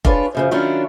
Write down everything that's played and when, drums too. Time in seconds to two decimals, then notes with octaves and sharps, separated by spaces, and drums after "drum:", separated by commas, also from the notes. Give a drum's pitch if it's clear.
0.05 D4 F4 G#4 B4 C#5, drum: kick F1
0.35 F#2 C#3 F3
0.51 D#3 F#3 C#4 D4 E4 F4